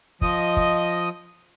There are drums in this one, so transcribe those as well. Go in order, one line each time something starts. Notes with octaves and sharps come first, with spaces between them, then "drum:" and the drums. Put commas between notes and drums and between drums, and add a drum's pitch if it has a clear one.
F3 D#5, drum: kick
drum: kick